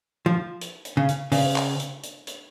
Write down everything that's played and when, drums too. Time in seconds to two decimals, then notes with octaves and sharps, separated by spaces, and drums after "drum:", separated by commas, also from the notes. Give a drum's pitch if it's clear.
0.26 F3
0.61 drum: hi-hat
0.85 drum: hi-hat
0.97 C#3
1.09 drum: hi-hat
1.32 C#3, drum: open hi-hat
1.56 drum: clap
1.80 drum: hi-hat
2.03 drum: hi-hat
2.27 drum: hi-hat